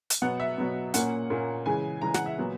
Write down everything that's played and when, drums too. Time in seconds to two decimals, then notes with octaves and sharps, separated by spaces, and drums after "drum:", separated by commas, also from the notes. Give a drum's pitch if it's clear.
0.10 drum: hi-hat
0.22 B2 F#3 B3 F#5
0.40 E5
0.58 B2 F#3 B3
0.94 A#2 A#3 C#4 F#5, drum: hi-hat
1.30 A#2 A#3 C#4
1.66 C#3 E3 G#3 G#5
2.02 C#3 E3 G#3 A#5
2.14 F#5, drum: snare
2.26 E5
2.38 A#2 F#3 B3